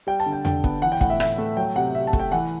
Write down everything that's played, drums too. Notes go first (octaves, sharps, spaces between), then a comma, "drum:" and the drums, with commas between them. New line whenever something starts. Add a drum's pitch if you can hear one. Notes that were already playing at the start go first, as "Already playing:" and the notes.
G3 G5
A5
D3
G5
D3 G5, drum: tom E2
B3, drum: kick
E3 F#5
G5
A2 F#5, drum: kick
E5
A2 E5, drum: rim click
A3
F#3 G5
C3 F#5
C3 E5
A5
A3, drum: kick
G5
E3 F#5